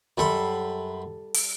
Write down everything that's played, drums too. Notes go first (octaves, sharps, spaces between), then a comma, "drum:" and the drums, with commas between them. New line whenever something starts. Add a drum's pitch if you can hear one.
F#2 G3 A4 B5 C6
drum: open hi-hat